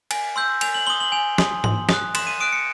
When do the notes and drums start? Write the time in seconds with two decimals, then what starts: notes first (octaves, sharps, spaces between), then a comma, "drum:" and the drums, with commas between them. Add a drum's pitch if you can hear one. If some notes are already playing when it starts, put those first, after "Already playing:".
0.11 G#5, drum: cymbal
0.36 C6 E6 G6
0.61 G#5 F7, drum: cymbal
0.74 F#7
0.87 C6 D#6 G7
1.00 F#7
1.12 G#5 F7
1.38 C6 D#6, drum: snare
1.64 C6, drum: tom G#2
1.89 D#6 F#6, drum: snare
2.15 C6 E7, drum: cymbal
2.27 D#7
2.40 D#6 F#6 D7
2.53 C#7